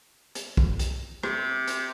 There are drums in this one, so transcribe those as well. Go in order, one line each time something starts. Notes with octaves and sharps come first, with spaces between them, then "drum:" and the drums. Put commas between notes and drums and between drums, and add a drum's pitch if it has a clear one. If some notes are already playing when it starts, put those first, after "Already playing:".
drum: hi-hat
drum: kick
drum: hi-hat
C3, drum: rim click
drum: hi-hat